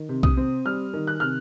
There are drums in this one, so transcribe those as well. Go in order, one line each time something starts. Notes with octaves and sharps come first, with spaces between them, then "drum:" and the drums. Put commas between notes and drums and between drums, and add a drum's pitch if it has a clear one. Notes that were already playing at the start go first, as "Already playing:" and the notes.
Already playing: D#3
C3
D#6, drum: kick B1
C4
G3 F6
D#3
F#6
C3 F6